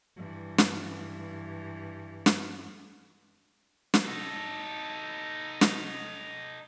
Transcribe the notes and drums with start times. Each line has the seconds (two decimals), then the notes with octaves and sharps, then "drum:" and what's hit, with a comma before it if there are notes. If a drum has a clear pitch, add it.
0.16 G2 E3
0.58 drum: snare
2.26 drum: snare
3.94 drum: snare
4.05 D#4 A4
5.61 drum: snare